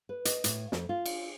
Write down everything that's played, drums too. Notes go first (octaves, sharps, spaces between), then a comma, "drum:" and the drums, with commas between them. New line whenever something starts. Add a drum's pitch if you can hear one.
B4
D#5, drum: hi-hat
A2, drum: hi-hat
F2, drum: snare
F4
drum: cymbal